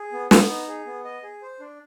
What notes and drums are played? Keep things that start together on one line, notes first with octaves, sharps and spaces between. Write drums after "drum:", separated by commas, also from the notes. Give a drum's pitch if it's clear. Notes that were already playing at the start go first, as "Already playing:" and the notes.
Already playing: G#4
B3
B3, drum: snare
D#4
G#4
B3
D#5
G#4
C5
D4